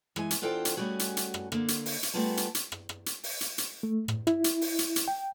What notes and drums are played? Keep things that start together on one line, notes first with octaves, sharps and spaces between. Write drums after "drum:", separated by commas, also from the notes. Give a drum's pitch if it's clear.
E3 G#3 G#5, drum: rim click
drum: hi-hat
E2 D4 F4 A4 C5 G5
drum: hi-hat
G3 A3 C#4 F#4 G#4
drum: hi-hat
drum: hi-hat
drum: rim click
D3 A#3, drum: rim click
drum: hi-hat
drum: open hi-hat
drum: hi-hat
G3 A3 B3 F4 G#4 A5
drum: hi-hat
drum: hi-hat
drum: rim click
drum: rim click
drum: hi-hat
drum: open hi-hat
drum: hi-hat
drum: hi-hat
A3
A2, drum: rim click
E4, drum: rim click
drum: hi-hat
drum: open hi-hat
drum: hi-hat
drum: hi-hat
G5